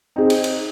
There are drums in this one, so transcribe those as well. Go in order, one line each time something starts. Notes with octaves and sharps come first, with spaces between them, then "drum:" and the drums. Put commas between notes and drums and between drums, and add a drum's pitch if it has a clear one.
C4 D#4 G#4 C5
drum: cymbal
drum: cymbal